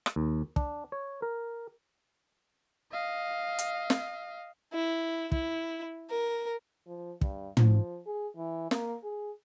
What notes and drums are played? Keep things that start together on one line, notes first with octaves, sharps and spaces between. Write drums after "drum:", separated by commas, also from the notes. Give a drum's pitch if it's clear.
drum: rim click
D#2
D4, drum: kick
C#5
A#4
D#5 F5
drum: hi-hat
drum: snare
E4
E4, drum: kick
A#4
F3
G2, drum: kick
F3, drum: tom
G#4
E3
A#3, drum: snare
G#4